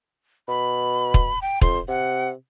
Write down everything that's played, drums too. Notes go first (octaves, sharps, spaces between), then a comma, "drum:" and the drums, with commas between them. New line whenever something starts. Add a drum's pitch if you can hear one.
B2 B5
drum: kick
G5
F2 C6, drum: kick
C3 F#5